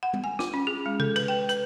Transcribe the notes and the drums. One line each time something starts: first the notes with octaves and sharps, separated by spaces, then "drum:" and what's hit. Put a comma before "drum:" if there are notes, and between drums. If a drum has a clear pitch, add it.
F#5
drum: tom G3
G#5
F4, drum: snare
C#4
G#4
G#3
A4, drum: tom C3
B4, drum: cymbal
G5
B4, drum: hi-hat